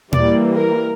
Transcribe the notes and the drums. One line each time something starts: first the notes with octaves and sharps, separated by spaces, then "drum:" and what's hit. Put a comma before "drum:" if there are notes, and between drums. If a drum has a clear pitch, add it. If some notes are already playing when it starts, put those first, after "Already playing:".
E3 G3 A#3 D5, drum: tom A#2
A#4